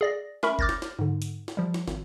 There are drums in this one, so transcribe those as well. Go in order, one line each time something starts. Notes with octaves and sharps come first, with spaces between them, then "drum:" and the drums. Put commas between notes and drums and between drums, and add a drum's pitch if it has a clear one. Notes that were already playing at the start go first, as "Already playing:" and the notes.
G#4 D5 A#6
A3 C#4 A#4 E5 B5 C#6, drum: snare
D6 F6 G6 A6 A#6, drum: kick
drum: snare
drum: snare
G#2 D3
drum: hi-hat
drum: snare
F3 G3
drum: snare
G#1, drum: snare